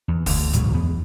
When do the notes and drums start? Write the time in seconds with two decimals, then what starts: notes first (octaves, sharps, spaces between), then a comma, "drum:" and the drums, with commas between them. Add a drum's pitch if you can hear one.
0.08 E2
0.26 D2 D3, drum: kick, open hi-hat
0.53 D1 G#2 B2 F#3, drum: hi-hat
0.71 E2 B3